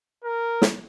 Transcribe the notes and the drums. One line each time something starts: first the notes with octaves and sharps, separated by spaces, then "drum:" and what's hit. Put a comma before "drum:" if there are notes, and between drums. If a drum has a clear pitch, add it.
A#4
drum: snare